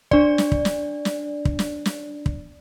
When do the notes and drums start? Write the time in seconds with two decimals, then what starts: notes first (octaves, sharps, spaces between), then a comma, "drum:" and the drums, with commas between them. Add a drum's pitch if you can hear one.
0.11 D4 D5, drum: kick
0.38 drum: snare
0.52 drum: kick
0.65 drum: snare
1.05 drum: snare
1.45 drum: kick
1.59 drum: snare
1.86 drum: snare
2.26 drum: kick